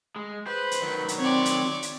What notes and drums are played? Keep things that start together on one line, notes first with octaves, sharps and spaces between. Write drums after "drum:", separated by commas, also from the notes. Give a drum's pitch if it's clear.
G#3
B4 C5
drum: hi-hat
D#3 F#3
drum: hi-hat
C4 C#5 D5
drum: hi-hat
drum: hi-hat